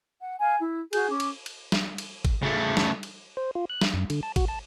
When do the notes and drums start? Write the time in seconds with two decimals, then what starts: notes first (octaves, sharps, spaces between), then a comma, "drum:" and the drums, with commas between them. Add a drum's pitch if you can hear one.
0.20 F#5
0.40 F5 G#5
0.61 E4
0.93 F#4 G#4 G#5 G6, drum: cymbal
1.10 C#4 D6
1.20 drum: cymbal
1.46 drum: cymbal
1.72 drum: snare
1.98 drum: cymbal
2.25 drum: kick, cymbal
2.42 C#3 A3
2.77 drum: snare
3.03 drum: cymbal
3.37 C5
3.55 F4
3.70 F#6
3.82 drum: snare
3.94 F#2
4.10 D3, drum: cymbal
4.23 A5
4.36 F#4, drum: kick, cymbal
4.48 A5